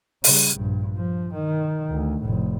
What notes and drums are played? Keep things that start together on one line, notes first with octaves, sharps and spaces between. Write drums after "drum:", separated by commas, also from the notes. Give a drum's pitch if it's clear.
C#3 G3, drum: open hi-hat
A#1 G2
F3
D#3
D2
F1 A2